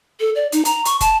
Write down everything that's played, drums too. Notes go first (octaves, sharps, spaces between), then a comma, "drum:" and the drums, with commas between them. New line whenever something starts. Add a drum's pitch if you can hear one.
A4
D5
D#4, drum: hi-hat
A#5, drum: hi-hat
C#6, drum: hi-hat
A5, drum: kick, hi-hat